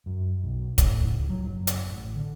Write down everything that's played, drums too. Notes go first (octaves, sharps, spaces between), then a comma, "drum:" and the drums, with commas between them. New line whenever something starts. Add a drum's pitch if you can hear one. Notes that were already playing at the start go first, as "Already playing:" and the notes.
F#2
B1
A2, drum: kick, hi-hat
C#2
F#3
F#1
drum: hi-hat
A1
D3